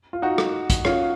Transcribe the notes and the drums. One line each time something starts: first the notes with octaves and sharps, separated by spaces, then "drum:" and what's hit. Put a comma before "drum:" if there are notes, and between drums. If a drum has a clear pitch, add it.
F4
D#4 F#4
drum: rim click
drum: kick, hi-hat
C#4 F4, drum: rim click